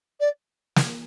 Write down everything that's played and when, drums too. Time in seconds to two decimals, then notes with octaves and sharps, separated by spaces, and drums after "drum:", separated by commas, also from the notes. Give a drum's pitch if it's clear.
0.20 D5
0.76 drum: snare